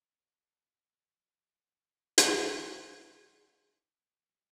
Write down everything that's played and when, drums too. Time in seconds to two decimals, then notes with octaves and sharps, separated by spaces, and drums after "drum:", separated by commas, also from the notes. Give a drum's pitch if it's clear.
0.13 A#4 C#5
0.28 A5 F#6
0.62 B2
0.89 F3 C#6 C7
2.18 drum: hi-hat
2.62 A#5
2.79 C3
3.05 A3
3.25 A4
3.48 D5
3.63 C#4
3.77 D6
3.97 D#2
4.11 G4
4.29 F#3